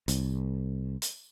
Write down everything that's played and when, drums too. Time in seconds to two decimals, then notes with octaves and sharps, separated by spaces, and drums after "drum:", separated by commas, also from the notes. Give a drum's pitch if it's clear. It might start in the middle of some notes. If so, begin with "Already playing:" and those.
0.08 C2, drum: hi-hat
1.02 drum: hi-hat